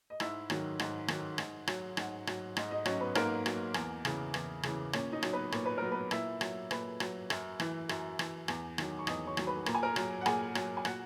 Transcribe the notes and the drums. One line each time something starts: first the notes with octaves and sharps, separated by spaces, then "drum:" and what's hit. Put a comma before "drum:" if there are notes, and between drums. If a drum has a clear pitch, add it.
D#5
G#2 E4 E5, drum: rim click
D#3 F#3, drum: rim click
G#2, drum: rim click
D#3 F#3, drum: rim click
G#2, drum: rim click
F#3, drum: rim click
G#2 F#4 F#5, drum: rim click
F#3, drum: rim click
G#2 D#4 D#5, drum: rim click
D#4 D#5
F#3 C#4 C#5, drum: rim click
B3 B4
G#2 A#3 A#4, drum: rim click
F#3, drum: rim click
E2, drum: rim click
C#3 E3, drum: rim click
E2, drum: rim click
C#3 E3, drum: rim click
A#2 C#4 C#5, drum: rim click
D#4 D#5
F#3, drum: rim click
B3 B4
A#2 C#5, drum: rim click
B4
F#3 A#4
B3 B4
A#2 E4 E5, drum: rim click
F#3, drum: rim click
A#2 B4 B5, drum: rim click
F#3, drum: rim click
F#2, drum: rim click
E3, drum: rim click
F#2, drum: rim click
E3, drum: rim click
E2, drum: rim click
D#3 F#3, drum: rim click
C#6
E2 D#5 D#6, drum: rim click
C#5 C#6
D#3 F#3, drum: rim click
B4 B5
A#2 A#5, drum: rim click
G#5
A#4 A#5
F#3, drum: rim click
F#5
A#2 G#4 G#5, drum: rim click
F#3, drum: rim click
G#5
A#2 F#4 F#5, drum: rim click